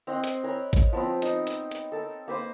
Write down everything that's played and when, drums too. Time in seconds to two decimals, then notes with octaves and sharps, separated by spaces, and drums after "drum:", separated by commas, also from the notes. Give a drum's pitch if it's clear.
0.07 C4 D#5 F#5 C6
0.24 drum: hi-hat
0.43 A#4 C#5 B5
0.73 drum: kick, hi-hat
0.92 F3 B3 C4
1.22 D#4, drum: hi-hat
1.47 drum: hi-hat
1.71 drum: hi-hat
1.92 A4 A#4
2.28 A#3 B4 C5